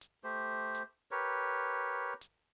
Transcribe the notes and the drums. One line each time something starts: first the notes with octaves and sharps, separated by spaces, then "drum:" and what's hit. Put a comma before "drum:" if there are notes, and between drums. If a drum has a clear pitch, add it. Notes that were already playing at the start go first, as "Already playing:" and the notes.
drum: hi-hat
A3 G4 C5
drum: hi-hat
G4 A#4 B4 C#5
drum: hi-hat